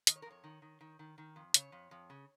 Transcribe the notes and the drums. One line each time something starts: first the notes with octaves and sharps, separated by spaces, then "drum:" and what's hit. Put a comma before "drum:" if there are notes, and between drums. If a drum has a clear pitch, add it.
D#3 D#5, drum: hi-hat
C#5
A#4
F2 C#5
D#3
D#3
D#3
D#3
D#3
F2
C#3 C#5, drum: hi-hat
F2
F2
C#3